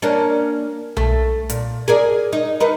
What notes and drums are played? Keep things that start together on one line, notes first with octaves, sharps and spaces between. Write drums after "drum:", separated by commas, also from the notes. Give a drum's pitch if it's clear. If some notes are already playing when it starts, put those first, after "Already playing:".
A#3 C#4 D4
A3, drum: tom B1
A#2, drum: hi-hat
G#4 A#4 D5
D#4
D#4 A#4 B4